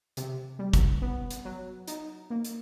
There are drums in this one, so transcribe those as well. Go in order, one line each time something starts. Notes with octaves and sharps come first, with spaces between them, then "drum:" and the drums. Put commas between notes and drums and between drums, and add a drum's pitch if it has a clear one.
C3, drum: hi-hat
G3
drum: kick, hi-hat
B3
drum: hi-hat
F#3
D#4, drum: hi-hat
A#3
drum: hi-hat